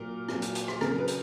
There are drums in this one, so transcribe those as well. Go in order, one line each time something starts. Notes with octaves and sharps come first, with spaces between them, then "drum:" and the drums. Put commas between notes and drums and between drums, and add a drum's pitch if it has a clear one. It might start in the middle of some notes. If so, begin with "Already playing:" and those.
Already playing: A#2 F#3 A#4
A#2 F#3, drum: rim click
drum: hi-hat
drum: hi-hat
drum: rim click
C#3 F#3 A#4, drum: rim click
B4
drum: hi-hat